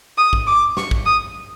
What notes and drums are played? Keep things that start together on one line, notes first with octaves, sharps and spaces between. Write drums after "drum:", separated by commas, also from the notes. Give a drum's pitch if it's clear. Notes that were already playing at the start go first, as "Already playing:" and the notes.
D#6
drum: kick A1
D6
C#6, drum: snare
drum: kick A1
D#6